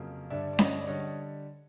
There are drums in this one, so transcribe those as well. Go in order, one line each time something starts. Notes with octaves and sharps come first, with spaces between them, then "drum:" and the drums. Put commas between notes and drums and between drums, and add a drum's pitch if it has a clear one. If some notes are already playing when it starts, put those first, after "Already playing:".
Already playing: F2 C#3 F#3 A#3
G2 D3 G3 D5 E5
D5
C#5 D#5, drum: snare C#4
D5
D3 G3 C#5 D#5